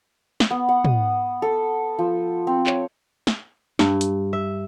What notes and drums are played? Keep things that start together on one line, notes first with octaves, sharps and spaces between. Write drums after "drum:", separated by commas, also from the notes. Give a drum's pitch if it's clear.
drum: snare
B3
F#5
D#6, drum: tom
A4
F3
C4
C#5, drum: clap
drum: snare
G2, drum: snare
drum: hi-hat
E5